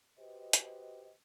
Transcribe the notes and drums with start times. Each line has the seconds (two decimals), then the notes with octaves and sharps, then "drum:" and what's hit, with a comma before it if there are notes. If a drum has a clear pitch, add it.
0.18 F#4 G4 B4 C5 D#5
0.53 drum: hi-hat